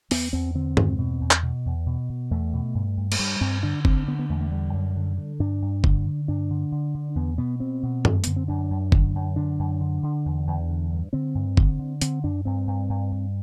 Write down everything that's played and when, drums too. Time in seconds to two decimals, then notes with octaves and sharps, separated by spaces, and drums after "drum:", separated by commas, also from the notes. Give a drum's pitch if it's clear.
0.11 E2 B3, drum: open hi-hat
0.33 E2 C4
0.55 D3 C4
0.77 E2, drum: tom G2
0.98 B2
1.21 E2
1.31 drum: clap
1.43 B2
1.66 E2
1.86 B2
2.09 B2
2.31 E2 A3
2.53 B2
2.75 G2
2.97 G2
3.12 A3, drum: cymbal
3.19 G2 G3
3.41 G2 C4
3.63 D3 D4
3.85 D3 C4, drum: kick
4.08 D3 B3
4.19 B3
4.29 E2 A3
4.41 A3
4.52 D3 G3
4.74 F#2
4.96 D3
5.17 D3
5.40 G2 D4
5.62 G2
5.84 D3, drum: kick
6.06 D3
6.28 G2 D4
6.50 D3
6.72 D3
6.95 D3
7.15 E2 B3
7.38 B2 B3
7.60 B2 C4
7.83 B2
8.05 F#2, drum: tom G2
8.24 D3 B3, drum: hi-hat
8.36 C4
8.48 F#2 D4
8.70 F#2
8.92 D3, drum: kick
9.15 F#2
9.36 D3 D4
9.59 F#2
9.81 D3
10.03 D3
10.26 E2
10.47 E2
10.69 D3
10.91 G2
11.13 D3 C4
11.35 G2
11.57 D3, drum: kick
11.79 D3
12.01 D3 C4, drum: hi-hat
12.24 F#2 D4
12.45 G2 C4
12.67 G2
12.89 G2
13.12 G2